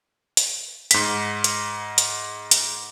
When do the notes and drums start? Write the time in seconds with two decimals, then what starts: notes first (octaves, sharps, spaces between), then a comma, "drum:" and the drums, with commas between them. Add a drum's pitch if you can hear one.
0.37 drum: hi-hat
0.91 G#2 B6, drum: hi-hat
1.44 drum: hi-hat
1.98 drum: hi-hat
2.51 drum: hi-hat